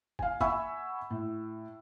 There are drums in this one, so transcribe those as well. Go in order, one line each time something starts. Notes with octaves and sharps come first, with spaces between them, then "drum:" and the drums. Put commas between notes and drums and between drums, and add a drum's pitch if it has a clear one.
F5 G#5, drum: kick
E5 F#5 G#5 B5 C#6 E6, drum: kick
A2